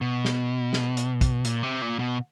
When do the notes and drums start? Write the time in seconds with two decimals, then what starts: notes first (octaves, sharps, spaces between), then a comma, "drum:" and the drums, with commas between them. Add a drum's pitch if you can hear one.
0.01 B2
0.25 drum: snare
0.73 drum: snare
0.97 drum: hi-hat
1.21 drum: kick, hi-hat
1.45 A#2, drum: hi-hat
1.63 C3
1.82 A#2
1.99 B2